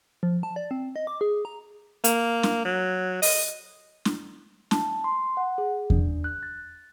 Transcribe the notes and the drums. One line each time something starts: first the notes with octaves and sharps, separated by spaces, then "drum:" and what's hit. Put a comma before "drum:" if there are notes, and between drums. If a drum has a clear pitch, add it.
F3
A5
D5
C4
D#5
D6
G#4
A#5
A#3, drum: hi-hat
drum: snare
F#3
D#5, drum: open hi-hat
drum: snare
A5, drum: snare
C6
F#5
G#4
D4, drum: kick E2
F#6
A6